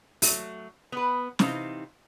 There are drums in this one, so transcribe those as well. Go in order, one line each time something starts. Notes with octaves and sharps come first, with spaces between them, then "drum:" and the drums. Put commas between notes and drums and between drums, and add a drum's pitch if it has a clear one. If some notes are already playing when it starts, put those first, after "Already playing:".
F#3 A3, drum: open hi-hat
B3 B4
C3 E3 C4 D4 D#4 F5, drum: snare